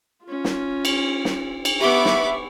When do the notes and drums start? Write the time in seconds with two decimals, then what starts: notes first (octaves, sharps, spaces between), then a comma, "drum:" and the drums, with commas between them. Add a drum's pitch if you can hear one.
0.24 C#4 F4
0.44 drum: snare
0.85 drum: cymbal
1.25 drum: snare
1.65 drum: cymbal
1.81 B3 G4 E5 B5 C#6 D6 G7
2.05 drum: snare